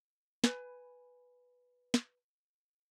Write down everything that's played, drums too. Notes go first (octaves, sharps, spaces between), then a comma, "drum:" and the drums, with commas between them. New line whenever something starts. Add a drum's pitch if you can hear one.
B4 G#5, drum: snare
drum: snare